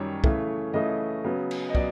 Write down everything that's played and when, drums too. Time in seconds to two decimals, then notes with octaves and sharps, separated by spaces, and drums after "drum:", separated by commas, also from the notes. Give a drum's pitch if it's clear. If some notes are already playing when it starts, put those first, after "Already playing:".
Already playing: F#2 D#3 G3 C#5
0.24 C#3 E3 A3, drum: kick
0.74 C#3 E3 A3 D#5
1.24 C#3 F#3 B3
1.51 drum: cymbal
1.70 D#5
1.75 F#3 B3 D5, drum: kick